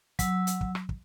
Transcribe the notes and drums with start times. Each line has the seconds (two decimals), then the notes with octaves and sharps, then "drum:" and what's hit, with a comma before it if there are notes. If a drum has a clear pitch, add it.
0.19 F#3 E6, drum: kick, hi-hat
0.47 drum: hi-hat
0.61 drum: kick
0.75 drum: rim click
0.89 drum: kick